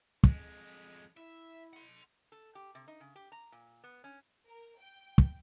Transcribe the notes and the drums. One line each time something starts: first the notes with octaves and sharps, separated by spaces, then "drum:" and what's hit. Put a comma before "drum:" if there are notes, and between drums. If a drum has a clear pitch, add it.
F2 G#3, drum: kick
E4 E5
F#5 C6
A4
G4
C3
D#4
C#3
G4
A#5
A#2
B3
C#4
A#4
G5
drum: kick